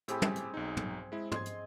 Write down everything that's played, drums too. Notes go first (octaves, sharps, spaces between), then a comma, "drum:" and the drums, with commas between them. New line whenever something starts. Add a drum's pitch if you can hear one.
A2 C4 G4 G#4 B5, drum: hi-hat
drum: tom
drum: hi-hat
B1 D#4
drum: tom
G#3 E4
D#5 C6 G#6, drum: tom
drum: hi-hat